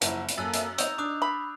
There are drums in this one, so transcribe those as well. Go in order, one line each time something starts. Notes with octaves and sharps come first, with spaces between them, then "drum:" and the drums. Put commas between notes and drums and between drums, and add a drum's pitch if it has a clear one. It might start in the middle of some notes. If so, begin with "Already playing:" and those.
F#1 F3 E4 F#5 A#5, drum: hi-hat
drum: hi-hat
F#2 A#3 A4 G#5 E6 F#6 A6
drum: hi-hat
D#4 C#5 D#5 E6 G6 F7, drum: hi-hat
D4 D6 D#6 F#6
B5